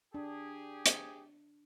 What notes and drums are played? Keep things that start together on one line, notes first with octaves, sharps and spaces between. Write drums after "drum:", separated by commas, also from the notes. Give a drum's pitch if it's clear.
D4 G4 G#4
drum: hi-hat